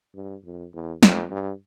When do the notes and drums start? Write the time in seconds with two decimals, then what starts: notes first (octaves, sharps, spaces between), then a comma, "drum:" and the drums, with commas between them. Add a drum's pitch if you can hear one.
0.15 G2
0.45 F2
0.74 E2
1.03 F2, drum: snare
1.31 G2